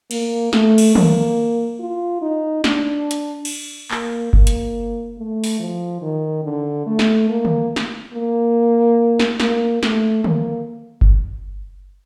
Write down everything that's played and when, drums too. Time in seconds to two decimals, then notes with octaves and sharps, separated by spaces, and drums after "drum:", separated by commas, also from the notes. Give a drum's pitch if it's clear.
0.11 A#3, drum: cymbal
0.53 A3, drum: snare
0.78 drum: cymbal
0.95 A#3, drum: tom
1.80 F4
2.22 D#4
2.64 D4, drum: snare
3.11 drum: hi-hat
3.45 drum: cymbal
3.91 A#3, drum: clap
4.33 A#3, drum: kick F#1
4.47 drum: hi-hat
5.18 A3
5.44 drum: open hi-hat
5.60 F3
6.02 D#3
6.44 D3
6.87 A3
6.99 drum: snare
7.29 A#3
7.45 drum: tom D3
7.76 drum: snare
8.13 A#3
9.19 drum: snare
9.40 A#3, drum: snare
9.83 A3, drum: snare
10.24 A#3, drum: tom D3
11.01 drum: kick F#1